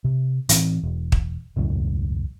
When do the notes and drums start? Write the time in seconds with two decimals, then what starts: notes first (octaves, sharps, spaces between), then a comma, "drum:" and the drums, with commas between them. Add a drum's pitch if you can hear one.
0.04 C3
0.49 A2 E3 C4, drum: hi-hat
0.83 E1
1.12 drum: kick
1.56 E1 C#2 F#2 A2